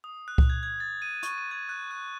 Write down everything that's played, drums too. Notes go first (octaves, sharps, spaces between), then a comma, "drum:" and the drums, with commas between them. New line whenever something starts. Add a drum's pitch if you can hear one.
D#6
F#6
drum: kick C#2
G#6
G#6
A6
D#7
C#6, drum: hi-hat
D#7
G#6
F#6
F#6